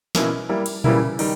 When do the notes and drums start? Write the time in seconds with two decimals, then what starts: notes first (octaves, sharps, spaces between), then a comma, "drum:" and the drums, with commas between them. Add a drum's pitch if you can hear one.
0.15 B2 A#3 C#4 E4, drum: snare
0.49 G3 A#3 E4
0.66 drum: cymbal
0.84 C#3 E3 G3 A#3 E4, drum: tom A#2
1.19 D#3 G3, drum: cymbal